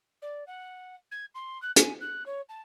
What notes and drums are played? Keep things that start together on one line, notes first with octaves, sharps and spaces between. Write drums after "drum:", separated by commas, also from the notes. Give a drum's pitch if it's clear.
D5
F#5
G#6
C6
F#6
G#5, drum: hi-hat
F#6
C#5
A5